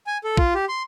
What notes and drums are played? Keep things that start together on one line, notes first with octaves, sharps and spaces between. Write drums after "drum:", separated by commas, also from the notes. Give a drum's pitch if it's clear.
G#5
A4
F4, drum: kick
G4
C6